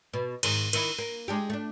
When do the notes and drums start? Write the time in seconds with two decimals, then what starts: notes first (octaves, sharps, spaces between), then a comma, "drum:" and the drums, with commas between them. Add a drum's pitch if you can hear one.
0.13 B2
0.43 G#2 D#3, drum: cymbal
0.73 D#3 E4, drum: cymbal
0.98 A#3
1.28 G#3 D4 G4
1.50 A3 D4